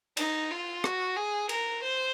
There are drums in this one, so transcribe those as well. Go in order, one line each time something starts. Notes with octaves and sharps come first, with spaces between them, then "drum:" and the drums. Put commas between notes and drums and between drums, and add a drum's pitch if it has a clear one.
D#4, drum: cymbal
F4
F#4, drum: rim click
G#4
A#4, drum: cymbal
C5